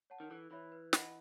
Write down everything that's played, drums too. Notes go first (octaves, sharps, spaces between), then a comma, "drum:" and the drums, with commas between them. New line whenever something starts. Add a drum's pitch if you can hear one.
C#5 F#5 A5
D#3
E3 A4
E3 C#5 E5 B5
B4
D#5 F#5 B5, drum: snare